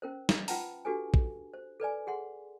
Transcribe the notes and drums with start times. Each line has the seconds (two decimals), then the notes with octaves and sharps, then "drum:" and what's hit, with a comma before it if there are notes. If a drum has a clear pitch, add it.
0.02 C#4 A#4 C5
0.29 drum: snare
0.48 F4 B4 F#5 G5 A5 A#5, drum: open hi-hat
0.85 D4 F#4 G4 A4 B4 G#5
1.14 drum: kick
1.54 C5
1.80 A4 B4 D5 G#5
2.07 G#4 F#5 C6